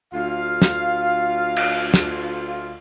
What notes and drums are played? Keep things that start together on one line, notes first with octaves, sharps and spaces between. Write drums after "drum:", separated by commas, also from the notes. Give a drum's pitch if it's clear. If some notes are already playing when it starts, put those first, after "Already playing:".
D2 F4 F5
drum: snare
drum: cymbal
drum: snare